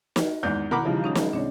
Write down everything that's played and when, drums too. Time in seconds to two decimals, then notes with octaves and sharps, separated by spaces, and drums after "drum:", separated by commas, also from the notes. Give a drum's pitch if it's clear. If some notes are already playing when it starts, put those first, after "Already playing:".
0.16 F#4, drum: snare
0.43 E2 G#2 D#3 G6
0.71 B2 D#3 E4 A#4 F#5 B5 D6
0.85 C#3 E3 F3 G3 D#4
1.04 F#3 G#3 C#4 D#4 G#4
1.15 drum: snare
1.33 C2 G#3 D4 C#5 D5